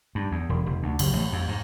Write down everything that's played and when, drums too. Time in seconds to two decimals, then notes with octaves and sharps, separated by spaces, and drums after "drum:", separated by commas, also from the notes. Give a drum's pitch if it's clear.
0.15 G2
0.32 E2
0.49 E1
0.66 F1
0.83 D2
0.99 F#1, drum: cymbal
1.13 A1
1.33 F2
1.48 G#2